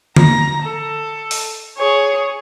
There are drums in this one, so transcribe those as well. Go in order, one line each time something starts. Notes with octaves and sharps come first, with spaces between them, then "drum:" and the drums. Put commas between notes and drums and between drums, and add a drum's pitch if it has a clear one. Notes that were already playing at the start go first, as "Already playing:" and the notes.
A#5, drum: tom D3
A4
drum: open hi-hat
G#4 C#5